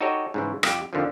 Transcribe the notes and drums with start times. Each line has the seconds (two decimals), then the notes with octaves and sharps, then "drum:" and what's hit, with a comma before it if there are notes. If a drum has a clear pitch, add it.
0.01 D#4 F#4 G4 A4 C#5 D#5
0.34 G#2 C#3 E3
0.63 F2 G4, drum: rim click
0.93 F2 D3 D#3 F3